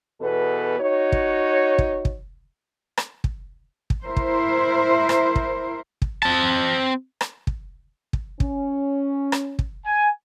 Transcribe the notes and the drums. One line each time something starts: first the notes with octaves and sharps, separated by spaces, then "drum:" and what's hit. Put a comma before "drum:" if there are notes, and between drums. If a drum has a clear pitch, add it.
E2 B2 B3 A4 B4
D#4 F#4 C#5
drum: kick
drum: kick
drum: kick
drum: rim click
drum: kick
drum: kick
E4 A#4 C5
drum: kick
drum: rim click
drum: kick
drum: kick
C4 A5
drum: rim click
drum: kick
drum: kick
C#4, drum: kick
drum: rim click
drum: kick
G#5